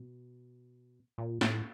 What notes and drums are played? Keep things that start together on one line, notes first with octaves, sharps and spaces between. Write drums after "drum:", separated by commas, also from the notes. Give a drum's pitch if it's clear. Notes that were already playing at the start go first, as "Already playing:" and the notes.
Already playing: B2
A#2
A2, drum: snare